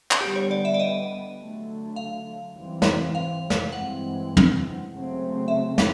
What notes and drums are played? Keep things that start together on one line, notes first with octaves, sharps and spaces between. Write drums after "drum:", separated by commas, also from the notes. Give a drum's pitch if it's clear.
drum: clap
D3 G3 B3 G4
C#5
D5
E5
D5
D#5
D3 F#3 A3
F5
G#2 E3 G3 C4
drum: snare
F5
drum: snare
G2 E3 G#3 C4 F#5
drum: tom
C#3 F#3 A3 C4
E5
F5, drum: snare